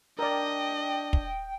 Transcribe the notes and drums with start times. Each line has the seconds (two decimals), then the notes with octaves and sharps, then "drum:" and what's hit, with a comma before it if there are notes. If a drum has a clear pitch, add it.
0.19 D4 A#4 D5 D#5 G5
1.13 drum: kick